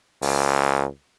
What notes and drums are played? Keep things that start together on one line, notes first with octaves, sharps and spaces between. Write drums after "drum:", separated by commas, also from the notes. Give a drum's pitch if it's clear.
C#2, drum: open hi-hat